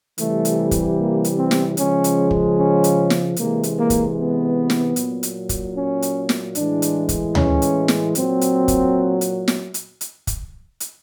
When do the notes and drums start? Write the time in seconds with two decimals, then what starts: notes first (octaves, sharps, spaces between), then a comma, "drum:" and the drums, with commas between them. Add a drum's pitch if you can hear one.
0.18 C3 E3 G3 A3, drum: hi-hat
0.45 drum: hi-hat
0.71 drum: kick, hi-hat
0.98 A#3
1.24 drum: hi-hat
1.37 C4
1.51 drum: snare
1.77 C#3 F3 G#3 C#4, drum: hi-hat
2.04 drum: hi-hat
2.31 drum: kick
2.57 C#4
2.84 drum: hi-hat
3.10 drum: snare
3.36 C3 E3 G#3 A#3, drum: hi-hat
3.63 drum: hi-hat
3.77 A#3
3.90 drum: kick, hi-hat
4.17 B3
4.70 drum: snare
4.96 A#2 F#3, drum: hi-hat
5.23 drum: hi-hat
5.49 drum: kick, hi-hat
5.76 C#4
6.02 drum: hi-hat
6.29 drum: snare
6.55 A2 E3 G#3 D4, drum: hi-hat
6.82 drum: hi-hat
7.09 drum: kick, hi-hat
7.35 C#4, drum: tom D2
7.62 drum: hi-hat
7.88 drum: snare
8.15 A#2 F#3 C4, drum: hi-hat
8.41 drum: hi-hat
8.68 drum: kick, hi-hat
9.21 drum: hi-hat
9.48 drum: snare
9.74 drum: hi-hat
10.01 drum: hi-hat
10.27 drum: kick, hi-hat
10.80 drum: hi-hat